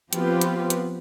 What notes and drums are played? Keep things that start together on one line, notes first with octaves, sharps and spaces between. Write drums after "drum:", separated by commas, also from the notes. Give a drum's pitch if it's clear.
F3 B3 C4 F4 G4 B4, drum: hi-hat
drum: hi-hat
drum: hi-hat